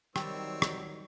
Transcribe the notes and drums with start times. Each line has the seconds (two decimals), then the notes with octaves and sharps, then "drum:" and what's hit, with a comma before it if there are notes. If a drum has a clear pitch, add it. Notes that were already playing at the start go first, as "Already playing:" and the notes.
0.16 D#3 F#3 G3 C4 C#5 E6, drum: rim click
0.62 drum: rim click